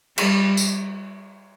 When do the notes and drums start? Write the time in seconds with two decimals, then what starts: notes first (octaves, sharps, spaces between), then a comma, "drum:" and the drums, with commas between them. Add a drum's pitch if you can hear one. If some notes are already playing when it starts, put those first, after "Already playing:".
0.18 G3, drum: cymbal
0.57 drum: tambourine